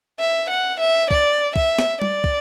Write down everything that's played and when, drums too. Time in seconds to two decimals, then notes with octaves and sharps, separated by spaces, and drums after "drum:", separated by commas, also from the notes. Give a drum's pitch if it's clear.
0.19 E5
0.50 F#5
0.80 E5
1.11 D5, drum: kick
1.56 E5, drum: kick
1.79 drum: snare
2.02 D5, drum: tom G3
2.24 drum: kick